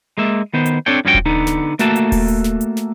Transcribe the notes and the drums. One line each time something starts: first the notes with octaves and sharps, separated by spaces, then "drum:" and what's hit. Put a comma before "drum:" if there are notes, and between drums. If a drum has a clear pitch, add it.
G#3 A#3 E5
D#3 B3 C5
drum: hi-hat
C4 D4 A4 C#5 G5
G2 F3 C#4 F#4 G#4 G5
drum: kick D#1
D3 B3 D#4
drum: snare
A3 A#3 F#4 A4 A5, drum: snare
drum: hi-hat
drum: kick D#1, open hi-hat
drum: hi-hat
drum: snare
drum: hi-hat
drum: snare